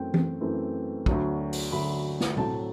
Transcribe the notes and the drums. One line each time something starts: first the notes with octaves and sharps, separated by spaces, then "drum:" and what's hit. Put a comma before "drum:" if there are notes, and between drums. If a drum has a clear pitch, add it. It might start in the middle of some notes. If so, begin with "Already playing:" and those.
Already playing: F#2 E3 A3 C4 G5
drum: tom E3
F#2 E3 A3 C4
D2 D3 F#3, drum: kick
drum: open hi-hat
D2 D3 F#3 B5
drum: snare
A2 F#3 A3 C4 A5, drum: tom B2